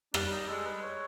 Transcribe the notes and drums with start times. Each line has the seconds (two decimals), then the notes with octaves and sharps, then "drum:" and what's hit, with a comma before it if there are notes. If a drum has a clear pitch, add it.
0.14 G3 D4, drum: rim click
0.31 D#4
0.48 G#3 A4
0.66 B4
0.83 C#5